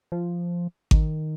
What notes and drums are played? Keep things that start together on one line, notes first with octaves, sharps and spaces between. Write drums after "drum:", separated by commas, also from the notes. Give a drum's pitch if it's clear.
F3
D#3, drum: kick G#1